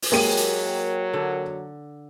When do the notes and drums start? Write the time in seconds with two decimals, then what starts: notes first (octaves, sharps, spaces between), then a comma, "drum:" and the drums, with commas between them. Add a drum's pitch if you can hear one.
0.02 drum: open hi-hat
0.12 F#3 G#3 A#3 G4 D#7
0.37 drum: hi-hat
1.14 D3